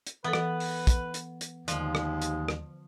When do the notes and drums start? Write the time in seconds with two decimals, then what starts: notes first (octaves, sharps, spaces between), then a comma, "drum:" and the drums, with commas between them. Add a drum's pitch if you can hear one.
0.07 drum: hi-hat
0.24 E3 B3 A4 B4
0.33 drum: rim click
0.60 drum: open hi-hat
0.87 drum: kick, hi-hat
1.14 drum: hi-hat
1.41 drum: hi-hat
1.68 D#2 D3 F3 G#3, drum: hi-hat
1.95 drum: rim click
2.22 drum: hi-hat
2.48 drum: rim click